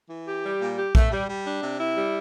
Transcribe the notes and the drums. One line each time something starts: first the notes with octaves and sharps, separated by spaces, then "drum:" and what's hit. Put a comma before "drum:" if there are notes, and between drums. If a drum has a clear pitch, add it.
E3
G4
G3
A#2
G4
A3, drum: kick
G3
G3
D4
C3
E4
G3